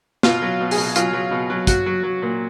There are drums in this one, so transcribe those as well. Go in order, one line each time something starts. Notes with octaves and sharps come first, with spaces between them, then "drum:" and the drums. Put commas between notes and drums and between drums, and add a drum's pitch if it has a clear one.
B2 F4, drum: snare
F#3
B2
G#4, drum: open hi-hat
B2
F#3 F4, drum: hi-hat
F#3
B2
F#3
F#3 F#4, drum: kick, hi-hat
F#3
F#3
A#2